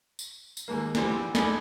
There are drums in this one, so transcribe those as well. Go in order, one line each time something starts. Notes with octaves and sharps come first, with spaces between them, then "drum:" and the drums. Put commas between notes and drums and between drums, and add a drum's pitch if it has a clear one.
drum: tambourine
drum: tambourine
D#2 G#2 A#3
D3 E3 F3 G3 C4, drum: snare
D#4 A4 D5 D#5 G#5 B5, drum: snare